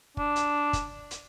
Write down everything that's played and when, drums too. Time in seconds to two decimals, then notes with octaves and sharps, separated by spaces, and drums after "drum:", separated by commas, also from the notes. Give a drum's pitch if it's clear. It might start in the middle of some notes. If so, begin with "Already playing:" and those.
0.17 D4, drum: kick
0.36 drum: hi-hat
0.73 drum: kick, hi-hat
1.11 drum: hi-hat